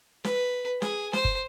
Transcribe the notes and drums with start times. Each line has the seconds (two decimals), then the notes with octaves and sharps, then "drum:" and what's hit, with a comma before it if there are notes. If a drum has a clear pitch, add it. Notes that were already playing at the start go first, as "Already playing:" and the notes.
0.24 B4, drum: snare
0.82 G#4, drum: snare
1.13 C5, drum: snare
1.25 drum: kick F#1